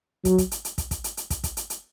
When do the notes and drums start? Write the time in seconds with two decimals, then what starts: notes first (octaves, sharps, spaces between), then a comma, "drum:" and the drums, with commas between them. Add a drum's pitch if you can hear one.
0.25 F#3, drum: kick, hi-hat
0.38 drum: kick, hi-hat
0.51 drum: hi-hat
0.65 drum: hi-hat
0.78 drum: kick, hi-hat
0.91 drum: kick, hi-hat
1.04 drum: hi-hat
1.17 drum: hi-hat
1.30 drum: kick, hi-hat
1.44 drum: kick, hi-hat
1.57 drum: hi-hat
1.70 drum: hi-hat